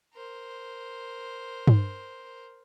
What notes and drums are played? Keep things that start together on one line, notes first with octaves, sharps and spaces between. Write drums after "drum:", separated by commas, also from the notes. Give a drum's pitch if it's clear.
A#4 C5
drum: tom G2